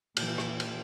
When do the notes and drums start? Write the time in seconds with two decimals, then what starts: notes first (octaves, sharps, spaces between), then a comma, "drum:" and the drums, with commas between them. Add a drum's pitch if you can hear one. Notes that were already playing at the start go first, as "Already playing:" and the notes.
0.17 A#2 E3, drum: cymbal
0.38 drum: rim click
0.60 drum: cymbal